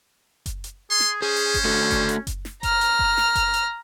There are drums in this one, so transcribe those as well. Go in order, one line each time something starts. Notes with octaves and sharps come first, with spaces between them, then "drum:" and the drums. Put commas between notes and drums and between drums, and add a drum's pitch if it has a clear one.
drum: kick F#1, hi-hat
drum: hi-hat
G#4 C6
drum: snare
C#4 G#4 C5
drum: hi-hat
drum: kick F#1, hi-hat
A3 F#4 A4
drum: kick F#1, hi-hat
drum: hi-hat
drum: kick F#1, hi-hat
drum: snare
A#5 F6, drum: kick F#1, hi-hat
drum: hi-hat
drum: kick F#1
drum: snare
drum: kick F#1, hi-hat
drum: hi-hat